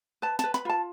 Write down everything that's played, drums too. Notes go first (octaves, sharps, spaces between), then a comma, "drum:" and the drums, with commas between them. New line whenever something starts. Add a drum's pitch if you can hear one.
B4 A5
B4 A5, drum: snare
B5, drum: snare
F4 A5